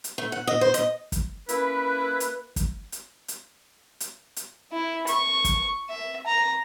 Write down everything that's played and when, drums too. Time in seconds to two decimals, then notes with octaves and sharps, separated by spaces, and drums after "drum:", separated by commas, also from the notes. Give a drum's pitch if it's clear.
0.04 drum: hi-hat
0.18 A3
0.32 F#5
0.47 D#5
0.61 C5
0.74 D#5, drum: hi-hat
1.12 drum: kick, hi-hat
1.49 A#3 C#4 E4 B4, drum: hi-hat
2.20 drum: hi-hat
2.56 drum: kick, hi-hat
2.92 drum: hi-hat
3.28 drum: hi-hat
4.00 drum: hi-hat
4.36 drum: hi-hat
4.73 E4
5.07 C#6, drum: hi-hat
5.45 drum: kick, hi-hat
5.90 E5
6.27 A#5